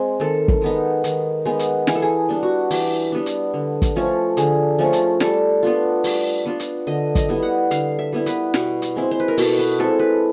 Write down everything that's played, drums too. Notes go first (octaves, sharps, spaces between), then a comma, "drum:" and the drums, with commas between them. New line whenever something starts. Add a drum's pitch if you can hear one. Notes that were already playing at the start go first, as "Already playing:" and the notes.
Already playing: G#3 C4
D#3 A4
drum: kick
G#3 B3 D#4
D#3, drum: hi-hat
G#3 B3 D#4
drum: hi-hat
E3 G#4, drum: snare
A4
G#4
G3 B3 D4
F#4
E3 G4, drum: open hi-hat
G3 B3 D4
drum: hi-hat
D3
drum: kick, hi-hat
F3 A3 C#4
D3 G#4, drum: hi-hat
F3 A3 C#4
drum: hi-hat
G3 A4, drum: snare
B3 D4 F4
G3, drum: open hi-hat
B3 D4 F4
drum: hi-hat
D3 D#5
D#5, drum: kick, hi-hat
G3 B3 E4
F#5
D3 F5, drum: hi-hat
E5
G3 B3 E4
B4, drum: hi-hat
B2, drum: snare
drum: hi-hat
G#3 C4 E4
C5
B4
A#4
B2 A4, drum: open hi-hat
B4
G#3 C4 E4 A4
B4